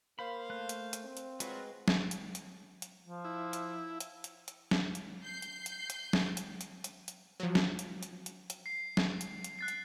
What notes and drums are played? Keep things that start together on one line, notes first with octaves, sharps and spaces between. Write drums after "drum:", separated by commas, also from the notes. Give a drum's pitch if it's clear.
A#3 C5 F5 B5
A3 F#6
drum: hi-hat
drum: hi-hat
C4
drum: hi-hat
F#3 G#3 F4 F#4 B4, drum: hi-hat
drum: snare
drum: hi-hat
drum: hi-hat
drum: hi-hat
F3
E4
drum: hi-hat
drum: hi-hat
drum: hi-hat
drum: hi-hat
drum: snare
drum: hi-hat
G6 C7
drum: hi-hat
drum: hi-hat
drum: hi-hat
drum: snare
drum: hi-hat
drum: hi-hat
drum: hi-hat
drum: hi-hat
F3 F#3
drum: snare
drum: hi-hat
drum: hi-hat
drum: hi-hat
drum: hi-hat
C7
drum: snare
drum: hi-hat
drum: hi-hat
F#6 A6 C7
drum: hi-hat